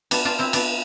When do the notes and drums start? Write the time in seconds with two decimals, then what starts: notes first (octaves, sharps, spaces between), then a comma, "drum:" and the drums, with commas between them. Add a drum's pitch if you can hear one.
0.11 B3 D4, drum: cymbal
0.25 D4 F4
0.39 C4 E4
0.53 B3 D4, drum: cymbal